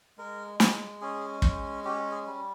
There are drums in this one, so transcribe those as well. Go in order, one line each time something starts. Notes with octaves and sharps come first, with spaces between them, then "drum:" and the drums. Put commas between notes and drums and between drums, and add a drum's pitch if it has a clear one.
G#3 A#4
G#3, drum: snare
C#4 G#4
G#3, drum: kick
C#4 G4
G#4
G3